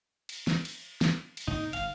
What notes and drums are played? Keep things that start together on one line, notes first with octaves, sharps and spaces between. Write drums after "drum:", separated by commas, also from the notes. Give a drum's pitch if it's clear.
drum: cymbal
drum: snare
drum: cymbal
drum: snare
drum: cymbal
G#2 C3 A#3 D#4
G1 G#2 F5, drum: cymbal